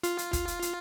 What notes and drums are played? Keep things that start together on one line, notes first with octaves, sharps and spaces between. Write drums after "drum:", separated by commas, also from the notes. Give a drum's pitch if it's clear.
F4, drum: hi-hat
drum: hi-hat
drum: kick, hi-hat
drum: hi-hat
drum: hi-hat